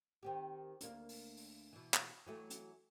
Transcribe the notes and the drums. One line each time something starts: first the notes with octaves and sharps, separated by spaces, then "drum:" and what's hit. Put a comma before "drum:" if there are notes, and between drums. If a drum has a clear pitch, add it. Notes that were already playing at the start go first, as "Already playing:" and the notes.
D#3 C4 G4
D2 A#3, drum: hi-hat
drum: open hi-hat
drum: open hi-hat
B2 E3
drum: clap
E3 F#3 A3
drum: hi-hat